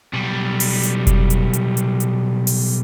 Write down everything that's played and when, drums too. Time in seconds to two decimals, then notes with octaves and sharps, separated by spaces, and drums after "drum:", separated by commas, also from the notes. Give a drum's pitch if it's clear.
0.13 B1 G3
0.60 drum: open hi-hat
0.83 drum: hi-hat
1.07 drum: kick F1, hi-hat
1.30 drum: hi-hat
1.53 drum: hi-hat
1.77 drum: hi-hat
2.00 drum: hi-hat
2.47 drum: open hi-hat